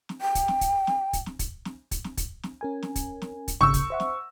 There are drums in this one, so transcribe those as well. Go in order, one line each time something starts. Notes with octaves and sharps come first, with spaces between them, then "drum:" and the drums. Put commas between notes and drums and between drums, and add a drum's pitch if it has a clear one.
drum: snare
G5
drum: kick, hi-hat
drum: snare
drum: kick, hi-hat
drum: snare
drum: kick, hi-hat
drum: snare
drum: kick, hi-hat
drum: snare
drum: kick, hi-hat
drum: snare
drum: kick, hi-hat
drum: snare
C#4 A#4 G#5
drum: snare
drum: kick, hi-hat
drum: snare
drum: kick, hi-hat
G#1 C#3 C#6 E6 G6, drum: snare
drum: kick, hi-hat
C5 E5 F#5
drum: snare